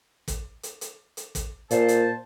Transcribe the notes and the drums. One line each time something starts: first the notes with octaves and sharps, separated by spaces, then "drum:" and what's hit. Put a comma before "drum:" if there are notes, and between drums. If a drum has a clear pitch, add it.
drum: kick, hi-hat
drum: hi-hat
drum: hi-hat
drum: hi-hat
drum: kick, hi-hat
A#2 C5 A5, drum: hi-hat
drum: hi-hat